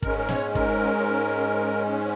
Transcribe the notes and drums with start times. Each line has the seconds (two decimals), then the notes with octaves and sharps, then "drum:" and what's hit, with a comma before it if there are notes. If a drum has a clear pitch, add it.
0.02 G#2 G#3 C#4 A#4, drum: kick
0.18 A#4
0.29 C#5, drum: snare
0.55 A#4, drum: kick